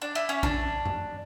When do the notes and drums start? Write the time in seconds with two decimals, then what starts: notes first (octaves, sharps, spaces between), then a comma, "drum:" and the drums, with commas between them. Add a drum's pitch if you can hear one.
0.02 D4
0.15 E4
0.29 C#4
0.43 D4, drum: kick A#1
0.86 drum: tom F#2